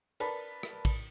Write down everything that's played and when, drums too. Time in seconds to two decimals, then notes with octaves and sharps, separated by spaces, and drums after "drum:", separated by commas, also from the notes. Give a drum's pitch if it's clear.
0.20 A#4 B4 D5 A5 B5, drum: cymbal
0.63 drum: rim click
0.85 drum: kick, cymbal